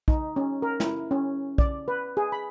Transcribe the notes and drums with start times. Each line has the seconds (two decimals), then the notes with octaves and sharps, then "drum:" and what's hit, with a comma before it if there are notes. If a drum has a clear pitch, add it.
0.08 D#4, drum: kick
0.36 C#4
0.62 A#4
0.80 E4, drum: snare
1.11 C#4
1.58 D5, drum: kick
1.88 B4
2.17 G#4
2.32 B5